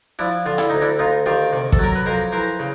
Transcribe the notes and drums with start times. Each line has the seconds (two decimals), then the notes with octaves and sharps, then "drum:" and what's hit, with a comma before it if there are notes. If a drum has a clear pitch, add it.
0.19 F3 D4 E4
0.46 D3 F4
0.58 E4, drum: hi-hat
0.70 D2 D#4
0.82 D4 E4
0.99 D2 D#4 F4
1.26 D#3 F4 G4
1.53 C3
1.72 A4, drum: kick
1.79 F#3 A#4
1.95 B4
2.06 F2 A#4 C5
2.32 E3 A#4 C5
2.60 C#3